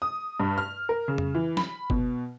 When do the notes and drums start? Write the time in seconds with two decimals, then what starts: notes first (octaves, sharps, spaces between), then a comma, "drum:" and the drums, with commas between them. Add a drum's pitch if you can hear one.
0.02 D#6
0.40 G2
0.58 F6
0.89 A#4
1.08 C#3
1.18 drum: tom F2
1.35 E3
1.57 B5, drum: snare
1.90 B2, drum: kick F#1